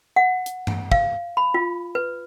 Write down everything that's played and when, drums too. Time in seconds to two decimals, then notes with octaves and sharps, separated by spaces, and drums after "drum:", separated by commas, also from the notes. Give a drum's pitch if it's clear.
0.16 F#5
0.46 drum: hi-hat
0.67 drum: tom G2
0.92 F5, drum: kick
1.37 B5
1.54 F4
1.95 B4